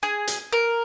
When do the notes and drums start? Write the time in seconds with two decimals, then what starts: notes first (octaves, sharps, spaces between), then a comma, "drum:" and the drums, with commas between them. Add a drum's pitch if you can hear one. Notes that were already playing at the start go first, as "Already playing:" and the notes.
0.03 G#4
0.27 drum: hi-hat
0.52 A#4